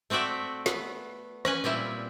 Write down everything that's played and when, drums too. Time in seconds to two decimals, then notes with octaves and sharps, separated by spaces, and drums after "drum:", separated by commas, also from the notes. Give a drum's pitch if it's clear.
0.10 A3 C4 F#4 D5 E5
0.66 B3, drum: snare
1.45 C#4 B4 G#5, drum: rim click
1.64 A#2 G3 C4 E4